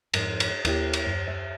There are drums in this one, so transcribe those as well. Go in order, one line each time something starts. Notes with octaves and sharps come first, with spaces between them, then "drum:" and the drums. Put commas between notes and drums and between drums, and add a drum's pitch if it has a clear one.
F2 G#2 A#4, drum: cymbal
drum: cymbal
D#2 A#3 E4 G4, drum: cymbal
drum: cymbal
F#2
E5